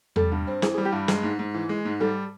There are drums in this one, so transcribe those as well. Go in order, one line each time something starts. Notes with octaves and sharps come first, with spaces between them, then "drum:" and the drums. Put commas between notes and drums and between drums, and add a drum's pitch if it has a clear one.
G3 A4, drum: tom E2
G2
C4
E3 G#4, drum: snare
G#4
G3
G4
G2
G#3, drum: snare
G#2
G#2
E3
G#3
G#2
G3 A4